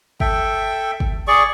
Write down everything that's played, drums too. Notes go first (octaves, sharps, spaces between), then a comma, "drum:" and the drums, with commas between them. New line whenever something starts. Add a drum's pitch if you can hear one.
A4 E5 G5, drum: kick
drum: kick
G#4 D5 C#6